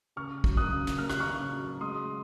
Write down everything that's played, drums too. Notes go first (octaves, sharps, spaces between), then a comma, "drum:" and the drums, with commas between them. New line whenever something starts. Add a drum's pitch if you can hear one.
C#3 C#6 F6
F#3, drum: kick
D#6 F#6
C#3
drum: snare
A#3 F6
F#6, drum: rim click
C#6 F6
C#3
F#3
G#3 C6 D#6